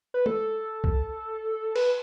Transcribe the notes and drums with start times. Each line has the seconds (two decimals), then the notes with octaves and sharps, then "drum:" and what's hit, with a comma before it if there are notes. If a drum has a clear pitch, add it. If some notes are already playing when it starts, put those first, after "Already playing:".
0.14 B4
0.26 A4, drum: tom
0.84 drum: kick
1.75 B4, drum: cymbal